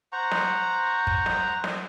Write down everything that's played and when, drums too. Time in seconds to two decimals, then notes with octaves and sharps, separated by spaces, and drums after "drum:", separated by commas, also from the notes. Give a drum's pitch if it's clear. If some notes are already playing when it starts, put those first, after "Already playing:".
0.13 C5 F#5 A#5 C#6
0.31 drum: snare
1.07 drum: kick
1.26 drum: snare
1.64 drum: snare